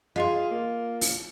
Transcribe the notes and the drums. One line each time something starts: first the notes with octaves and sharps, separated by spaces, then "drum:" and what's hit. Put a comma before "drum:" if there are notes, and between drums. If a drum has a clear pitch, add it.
F4 G#4 D#5 F5 C6
A#3
drum: open hi-hat